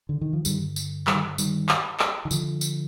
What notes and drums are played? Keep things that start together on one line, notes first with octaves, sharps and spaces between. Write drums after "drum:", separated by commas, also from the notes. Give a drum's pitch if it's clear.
D3
D#3
F3
G2 D3 D#3 G3, drum: tambourine
drum: tambourine
D#3 G3, drum: clap
D#3 G3, drum: tambourine
drum: clap
drum: clap
D#3
D3 F3, drum: tambourine
drum: tambourine